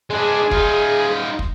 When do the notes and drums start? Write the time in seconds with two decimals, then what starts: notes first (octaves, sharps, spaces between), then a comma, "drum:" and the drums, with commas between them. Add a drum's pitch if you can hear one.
0.10 G#3 D4 G#4
0.51 D#4 F4, drum: kick
1.39 drum: kick